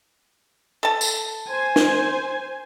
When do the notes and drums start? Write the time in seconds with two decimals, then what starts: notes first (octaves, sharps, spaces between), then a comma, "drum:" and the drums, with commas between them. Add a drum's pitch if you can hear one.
0.83 A4 A5
1.01 drum: tambourine
1.48 C5 G#5
1.76 drum: snare